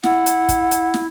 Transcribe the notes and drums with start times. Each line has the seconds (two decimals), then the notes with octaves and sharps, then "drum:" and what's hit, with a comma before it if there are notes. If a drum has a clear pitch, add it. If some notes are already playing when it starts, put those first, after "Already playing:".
0.03 E4 F#5, drum: snare
0.26 drum: hi-hat
0.49 drum: kick, hi-hat
0.71 drum: hi-hat
0.94 drum: snare